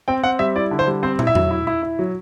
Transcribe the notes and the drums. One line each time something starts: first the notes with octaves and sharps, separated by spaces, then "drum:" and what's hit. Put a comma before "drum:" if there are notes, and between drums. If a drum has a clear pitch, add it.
C4 G5
C4 F#5
G3 E5
E4 D5
D3
C5
G3
C4 C5
E4, drum: tom
E5
F#3, drum: tom E2
E4
E4
E4
F#3